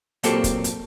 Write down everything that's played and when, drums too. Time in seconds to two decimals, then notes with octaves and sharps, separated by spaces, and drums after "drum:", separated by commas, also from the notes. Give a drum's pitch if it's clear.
0.23 A#2 F#3 A#3 C4 G4 A4, drum: hi-hat
0.44 drum: kick, hi-hat
0.64 drum: hi-hat